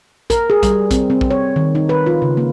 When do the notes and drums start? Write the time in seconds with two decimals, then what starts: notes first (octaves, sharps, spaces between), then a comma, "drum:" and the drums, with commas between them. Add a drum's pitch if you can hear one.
0.30 A#4, drum: kick, hi-hat
0.50 G#4
0.63 G3, drum: kick, hi-hat
0.91 C4, drum: kick, hi-hat
1.10 C4
1.21 drum: kick
1.31 C#5
1.56 D#3
1.75 D#4
1.89 B4
2.06 F4
2.22 C#3
2.37 A#3